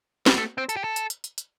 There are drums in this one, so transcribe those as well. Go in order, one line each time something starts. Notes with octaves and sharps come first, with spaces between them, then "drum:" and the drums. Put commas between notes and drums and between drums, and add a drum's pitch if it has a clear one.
G3, drum: snare
A3
C4
A4, drum: hi-hat
G4
A4
drum: hi-hat
drum: hi-hat
drum: hi-hat
drum: hi-hat